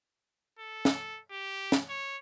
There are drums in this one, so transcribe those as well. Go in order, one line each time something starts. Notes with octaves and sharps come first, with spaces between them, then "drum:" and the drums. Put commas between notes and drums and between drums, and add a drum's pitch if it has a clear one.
A4
drum: snare
G4
drum: snare
C#5